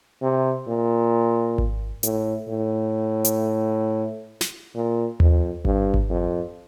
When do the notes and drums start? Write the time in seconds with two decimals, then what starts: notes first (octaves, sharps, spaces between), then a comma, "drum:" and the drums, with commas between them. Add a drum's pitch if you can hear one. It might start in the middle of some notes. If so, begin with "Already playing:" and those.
0.22 C3
0.68 A#2
1.58 drum: kick G#1
2.03 A2, drum: hi-hat
2.48 A2
3.25 drum: hi-hat
4.41 drum: snare
4.75 A#2
5.20 F2, drum: tom D#2
5.65 G2, drum: kick G#1
5.94 drum: kick G#1
6.10 F2